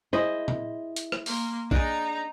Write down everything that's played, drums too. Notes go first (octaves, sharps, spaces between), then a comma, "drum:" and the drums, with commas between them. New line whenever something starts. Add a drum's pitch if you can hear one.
E4 G#4 C5 D#5
drum: tom A#2
drum: hi-hat
drum: rim click
A#3 C6, drum: open hi-hat
D4 D#4 G#4 A#5, drum: kick A#1